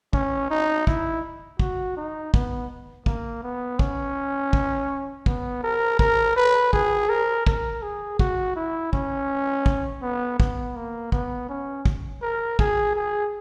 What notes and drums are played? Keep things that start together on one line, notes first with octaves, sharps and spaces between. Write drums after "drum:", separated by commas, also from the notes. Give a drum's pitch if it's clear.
C#4, drum: kick
D#4
E4, drum: kick
F#4, drum: kick
D#4
B3, drum: kick
A#3, drum: kick
B3
C#4, drum: kick
drum: kick
B3, drum: kick
A#4
A#4, drum: kick
B4
G#4, drum: kick
A#4
A#4, drum: kick
G#4
F#4, drum: kick
E4
C#4, drum: kick
drum: kick
B3
B3, drum: kick
A#3
B3, drum: kick
C#4
drum: kick
A#4
G#4, drum: kick
G#4